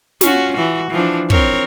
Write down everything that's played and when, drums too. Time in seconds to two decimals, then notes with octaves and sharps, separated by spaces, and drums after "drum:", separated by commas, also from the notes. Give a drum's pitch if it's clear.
0.21 C#4 F4 F#4, drum: snare
0.56 E3 F#4
0.91 E3 F3 D4
1.30 C4 A#4 C#5, drum: kick